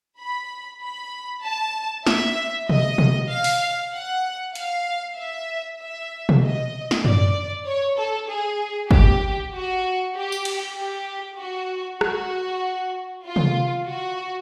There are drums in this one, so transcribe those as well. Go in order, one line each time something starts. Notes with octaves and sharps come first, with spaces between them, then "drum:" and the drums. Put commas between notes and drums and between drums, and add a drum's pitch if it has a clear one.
B5
B5
A5
E5, drum: snare
D#5, drum: tom B2
drum: tom B2
F5
drum: open hi-hat
F#5
F5, drum: hi-hat
E5
E5
drum: tom B2
D#5
drum: snare
D5, drum: tom F#2
C#5
A4
G#4
G4, drum: kick
F#4
G4
drum: tambourine
drum: cymbal
G4
F#4
F#4, drum: rim click
F4
drum: tom
F#4